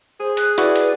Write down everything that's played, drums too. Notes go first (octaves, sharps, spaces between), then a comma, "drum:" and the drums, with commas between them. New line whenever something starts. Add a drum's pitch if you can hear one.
G#4 C5
F#6, drum: hi-hat
E4 F#4 B4 D5, drum: hi-hat
drum: hi-hat